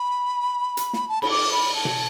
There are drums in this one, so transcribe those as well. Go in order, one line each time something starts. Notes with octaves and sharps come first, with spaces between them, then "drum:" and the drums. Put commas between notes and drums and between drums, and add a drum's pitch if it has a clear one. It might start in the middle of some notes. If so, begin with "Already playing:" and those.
Already playing: B5
drum: hi-hat
drum: snare
A5
B5, drum: cymbal
D6
B5
A5
drum: tom B2